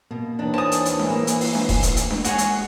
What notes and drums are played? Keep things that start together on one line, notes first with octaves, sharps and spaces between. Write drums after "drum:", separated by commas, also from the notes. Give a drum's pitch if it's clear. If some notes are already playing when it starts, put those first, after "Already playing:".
B2 A#3
D#2 D#3 E3 D4
C5 C#5 G#5 A5 D#6
drum: hi-hat
drum: hi-hat
drum: snare D4
A#3
drum: hi-hat
drum: open hi-hat
drum: snare D4
drum: kick E1, open hi-hat
drum: hi-hat
drum: hi-hat
drum: snare D4
G#3 F#4 G#4 C#5, drum: hi-hat
drum: hi-hat